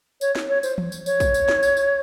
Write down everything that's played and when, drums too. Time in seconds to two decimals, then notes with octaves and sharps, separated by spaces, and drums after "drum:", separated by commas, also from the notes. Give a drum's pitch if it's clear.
0.21 C#5, drum: tambourine
0.35 drum: snare
0.49 C#5
0.63 C5, drum: tambourine
0.78 drum: tom E3
0.92 drum: tambourine
1.06 C#5, drum: tambourine
1.20 drum: kick A#1, tambourine
1.34 drum: tambourine
1.48 drum: snare
1.63 drum: tambourine
1.77 drum: tambourine